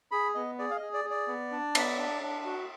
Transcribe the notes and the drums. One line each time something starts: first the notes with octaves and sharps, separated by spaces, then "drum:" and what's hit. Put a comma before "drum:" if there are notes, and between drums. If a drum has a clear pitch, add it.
G#4 B5
B3 D#5
G#4 D5
F5
G#4 D#5
D5
G#4
D5
B3
D4
B3, drum: cymbal
D4
D4
F#4